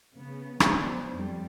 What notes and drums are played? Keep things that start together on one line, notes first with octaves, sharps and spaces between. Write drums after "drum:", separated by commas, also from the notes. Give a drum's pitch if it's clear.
C#3 B3
F#3 B3 D4 C5, drum: rim click
F2 G3